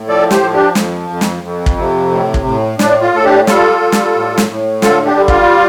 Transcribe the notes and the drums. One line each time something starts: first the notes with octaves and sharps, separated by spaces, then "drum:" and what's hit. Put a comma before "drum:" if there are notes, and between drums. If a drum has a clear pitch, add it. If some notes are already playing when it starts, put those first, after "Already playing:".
Already playing: A2
F3 A4 D5
G4 C5, drum: snare
F3
D4 G4
F2, drum: snare
F2
drum: snare
F2
drum: kick
C3
A2
drum: kick
A2
A2 D4, drum: snare
F4
A2 A4
D4 G4
G3 F4 A4, drum: snare
G3
drum: snare
A2
drum: snare
A2
D3 F4 A4, drum: snare
D4 G4
G3
F4, drum: kick